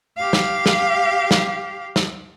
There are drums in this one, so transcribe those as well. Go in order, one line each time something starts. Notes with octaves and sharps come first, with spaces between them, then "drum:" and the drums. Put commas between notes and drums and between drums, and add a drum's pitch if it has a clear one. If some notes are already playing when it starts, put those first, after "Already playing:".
G4 F5
drum: snare
drum: snare
drum: snare
drum: snare